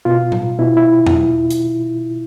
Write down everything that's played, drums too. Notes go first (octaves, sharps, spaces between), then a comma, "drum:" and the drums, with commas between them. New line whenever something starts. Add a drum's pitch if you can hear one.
B2 F4
drum: tom A2
B2 E4
E4
drum: tom E2
drum: hi-hat